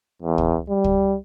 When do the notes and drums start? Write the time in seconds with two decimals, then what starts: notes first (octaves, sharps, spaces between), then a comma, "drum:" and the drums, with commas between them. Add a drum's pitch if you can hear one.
0.23 E2
0.38 drum: kick
0.69 G3
0.84 drum: kick